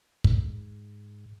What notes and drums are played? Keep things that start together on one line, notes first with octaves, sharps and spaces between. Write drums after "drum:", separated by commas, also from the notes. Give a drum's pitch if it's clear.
G#2, drum: kick